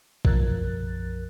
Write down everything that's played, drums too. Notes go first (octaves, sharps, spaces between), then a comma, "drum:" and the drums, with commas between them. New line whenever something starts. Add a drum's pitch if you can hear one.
B1 F#2 F3 A#4 F#6 A6, drum: kick A1